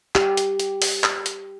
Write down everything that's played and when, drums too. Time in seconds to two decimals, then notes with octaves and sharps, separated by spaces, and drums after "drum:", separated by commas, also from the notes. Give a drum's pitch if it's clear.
0.15 G4, drum: clap
0.37 drum: hi-hat
0.60 drum: hi-hat
0.82 drum: open hi-hat
1.04 drum: clap
1.26 drum: hi-hat